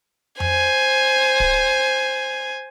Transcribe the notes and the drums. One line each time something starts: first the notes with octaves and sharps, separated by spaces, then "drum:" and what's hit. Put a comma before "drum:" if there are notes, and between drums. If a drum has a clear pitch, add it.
C5 G#5, drum: tom F2
drum: kick D1